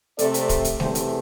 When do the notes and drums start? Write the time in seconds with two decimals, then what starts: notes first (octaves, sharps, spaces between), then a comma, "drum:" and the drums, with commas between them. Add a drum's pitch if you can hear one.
0.19 C3 A3 C4 A4 D5, drum: hi-hat
0.34 drum: hi-hat
0.49 drum: kick, hi-hat
0.65 drum: hi-hat
0.80 E2 C3 A3 G4 C5, drum: snare G#3
0.95 drum: hi-hat